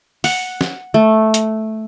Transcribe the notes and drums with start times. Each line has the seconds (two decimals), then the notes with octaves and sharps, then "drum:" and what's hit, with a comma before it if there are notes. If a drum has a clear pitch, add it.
0.24 F#5, drum: open hi-hat
0.61 drum: snare
0.94 A3
1.34 drum: hi-hat